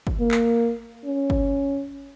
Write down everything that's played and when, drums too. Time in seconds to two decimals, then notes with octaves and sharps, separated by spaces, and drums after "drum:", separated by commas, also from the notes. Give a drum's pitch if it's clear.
0.07 drum: kick G1
0.20 A#3
0.31 drum: clap
1.05 C#4
1.30 drum: kick G1